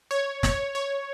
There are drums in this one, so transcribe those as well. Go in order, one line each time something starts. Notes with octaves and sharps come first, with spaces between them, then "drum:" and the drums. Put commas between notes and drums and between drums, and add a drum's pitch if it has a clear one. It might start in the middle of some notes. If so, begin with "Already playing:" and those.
C#5
C#5, drum: snare
C#5